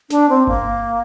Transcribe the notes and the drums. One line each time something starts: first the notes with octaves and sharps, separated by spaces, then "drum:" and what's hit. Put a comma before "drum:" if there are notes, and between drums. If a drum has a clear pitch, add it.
D4, drum: snare
C4
A#3, drum: kick G1